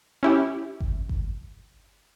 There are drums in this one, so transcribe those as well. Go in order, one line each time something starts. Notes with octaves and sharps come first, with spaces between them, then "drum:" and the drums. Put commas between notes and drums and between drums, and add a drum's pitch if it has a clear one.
C#4 E4 G4
drum: kick G1
drum: kick G1